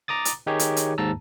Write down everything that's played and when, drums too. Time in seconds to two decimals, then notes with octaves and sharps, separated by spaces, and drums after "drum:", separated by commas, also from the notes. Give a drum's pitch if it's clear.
0.08 A#5 D6 D#6 A6
0.25 drum: hi-hat
0.47 D#3 D#4 G4 G#4 C#5
0.59 drum: hi-hat
0.77 drum: hi-hat
0.98 D#2 G#2 A5 A#5 E6